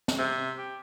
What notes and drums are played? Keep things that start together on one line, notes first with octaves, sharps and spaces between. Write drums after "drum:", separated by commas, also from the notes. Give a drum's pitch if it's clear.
drum: snare
C3
G4